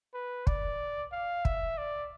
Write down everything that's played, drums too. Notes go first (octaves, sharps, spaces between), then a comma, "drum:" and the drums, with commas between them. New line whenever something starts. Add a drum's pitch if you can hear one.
B4
D5, drum: kick
F5
E5, drum: kick
D5